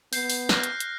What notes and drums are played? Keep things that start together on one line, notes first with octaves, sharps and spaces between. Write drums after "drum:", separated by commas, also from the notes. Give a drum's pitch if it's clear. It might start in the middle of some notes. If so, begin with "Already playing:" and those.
B3 G6 C7, drum: open hi-hat
drum: open hi-hat
F6 F#6 A#6, drum: snare
drum: hi-hat
drum: hi-hat